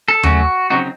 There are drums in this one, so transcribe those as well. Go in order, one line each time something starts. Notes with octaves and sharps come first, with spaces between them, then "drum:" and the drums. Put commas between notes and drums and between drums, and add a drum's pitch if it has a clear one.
A4
C#3 F#3 A3 C#4 F#4, drum: tom D#2
C#3 F#3 C4 D#4 F#4